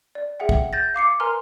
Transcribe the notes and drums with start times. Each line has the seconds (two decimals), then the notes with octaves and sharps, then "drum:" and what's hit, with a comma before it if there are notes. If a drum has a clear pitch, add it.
0.15 D5
0.40 G#4 E5 F#5 G5
0.49 drum: kick
0.73 G6 A6 A#6
0.94 F5 D6 C7 C#7
1.20 A#4 B4 G#5 A#5 C6 F6